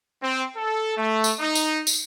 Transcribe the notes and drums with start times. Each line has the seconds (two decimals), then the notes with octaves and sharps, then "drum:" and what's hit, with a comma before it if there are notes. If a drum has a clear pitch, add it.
0.21 C4
0.56 A4
0.97 A3
1.24 drum: tambourine
1.40 D#4
1.55 drum: tambourine
1.87 drum: tambourine